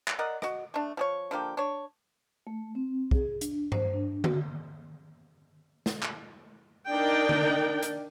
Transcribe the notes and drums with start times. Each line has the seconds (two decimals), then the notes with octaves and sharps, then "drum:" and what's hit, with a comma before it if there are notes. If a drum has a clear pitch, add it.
0.08 drum: clap
0.19 A#4 D5 D#5 F#5
0.42 F#4 D#5, drum: rim click
0.74 A3 D4
0.97 F3 G#4 C#5
1.31 D3 F3 A#3 G4
1.57 D4 C#5
2.47 A3
2.75 C4
3.11 G#4, drum: kick
3.41 D4, drum: hi-hat
3.72 C5, drum: tom G2
3.94 D4
4.24 F#4, drum: tom D3
5.86 drum: snare
6.03 drum: clap
6.89 D4 D#4 A#4 D5 G5
7.29 drum: tom D3
7.83 drum: hi-hat